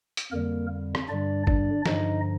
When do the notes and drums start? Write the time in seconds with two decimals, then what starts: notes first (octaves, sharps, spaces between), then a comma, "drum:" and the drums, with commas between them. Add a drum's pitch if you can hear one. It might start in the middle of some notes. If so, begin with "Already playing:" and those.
0.17 drum: hi-hat
0.32 F2 D3 G3 A#3 A#4
0.95 drum: rim click
1.09 G2 D3 G3 D4 D5
1.47 D4 D5, drum: kick G#1
1.86 G2 D3 F3 D#4 D#5, drum: snare